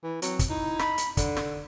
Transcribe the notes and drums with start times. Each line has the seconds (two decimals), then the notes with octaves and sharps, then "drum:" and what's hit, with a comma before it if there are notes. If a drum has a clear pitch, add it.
0.04 E3
0.22 F#3 C4, drum: hi-hat
0.39 drum: kick, hi-hat
0.50 D#4 E4
0.79 B5, drum: snare
0.98 drum: hi-hat
1.17 D3 D5, drum: kick, hi-hat
1.37 drum: snare